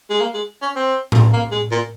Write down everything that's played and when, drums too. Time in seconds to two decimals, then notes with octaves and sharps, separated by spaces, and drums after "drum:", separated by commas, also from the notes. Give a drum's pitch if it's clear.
0.10 G#3
0.20 A#3
0.34 G#3
0.62 C#4
0.76 C4
1.12 drum: tom A2
1.33 A#3
1.51 G#3
1.71 A#2